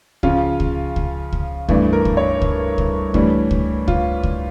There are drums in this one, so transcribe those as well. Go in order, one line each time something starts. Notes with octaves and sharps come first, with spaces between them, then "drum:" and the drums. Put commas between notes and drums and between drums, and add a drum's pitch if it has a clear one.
C#3 F3 C#4 F4, drum: kick C#2
drum: kick C#2
drum: kick C#2
drum: kick C#2
G2 E3 A3 D4, drum: kick C#2
A#4
drum: kick C#2
C#5
drum: kick C#2
drum: kick C#2
A2 E3 G3 D4, drum: kick C#2
drum: kick C#2
F4, drum: kick C#2
drum: kick C#2